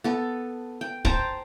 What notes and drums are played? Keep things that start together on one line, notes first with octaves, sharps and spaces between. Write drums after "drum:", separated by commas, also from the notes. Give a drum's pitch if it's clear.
B3 A4
G5
C5 G5 A5 A#5, drum: kick C#1